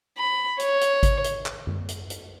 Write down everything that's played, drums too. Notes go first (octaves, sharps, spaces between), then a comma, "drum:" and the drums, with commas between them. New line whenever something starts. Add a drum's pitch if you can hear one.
B5
C#5, drum: hi-hat
drum: hi-hat
drum: kick G#1, hi-hat
drum: hi-hat
drum: clap
drum: tom F#2
drum: hi-hat
drum: hi-hat